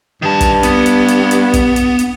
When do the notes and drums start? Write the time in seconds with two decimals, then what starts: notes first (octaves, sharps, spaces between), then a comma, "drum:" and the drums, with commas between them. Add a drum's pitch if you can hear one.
0.22 G2 D#3 A5
0.41 drum: kick, hi-hat
0.63 B3, drum: hi-hat
0.86 drum: hi-hat
1.08 drum: hi-hat
1.31 drum: hi-hat
1.54 drum: kick, hi-hat
1.76 drum: hi-hat
1.99 drum: hi-hat